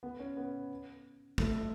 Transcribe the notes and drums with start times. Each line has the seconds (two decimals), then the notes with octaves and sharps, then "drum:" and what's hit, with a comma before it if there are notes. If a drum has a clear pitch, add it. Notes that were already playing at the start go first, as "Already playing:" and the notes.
0.03 B3
0.20 C#4
0.37 B3
1.38 A3, drum: kick